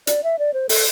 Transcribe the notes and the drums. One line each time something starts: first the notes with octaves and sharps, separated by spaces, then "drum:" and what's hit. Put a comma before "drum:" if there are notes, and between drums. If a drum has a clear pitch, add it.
D5, drum: hi-hat
E5
D5
C5
A4, drum: open hi-hat